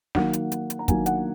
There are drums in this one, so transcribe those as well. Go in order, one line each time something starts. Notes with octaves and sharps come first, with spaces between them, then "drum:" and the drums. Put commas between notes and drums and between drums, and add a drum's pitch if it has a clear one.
D#3 F#3 A#3 F#5, drum: snare
drum: hi-hat
drum: hi-hat
drum: hi-hat
A#5
D#3 F#3 A#3 G#5, drum: kick, hi-hat
F#5, drum: hi-hat